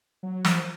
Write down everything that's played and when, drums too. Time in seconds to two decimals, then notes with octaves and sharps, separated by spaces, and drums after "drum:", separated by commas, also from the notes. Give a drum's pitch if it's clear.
0.23 F#3
0.45 F3, drum: snare